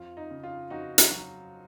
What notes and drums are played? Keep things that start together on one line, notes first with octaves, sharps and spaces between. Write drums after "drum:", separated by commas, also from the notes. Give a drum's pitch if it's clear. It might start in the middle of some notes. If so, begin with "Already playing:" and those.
Already playing: F2 F4
D#4
C#3
F4
F2 D#4 F#4
drum: hi-hat
F#3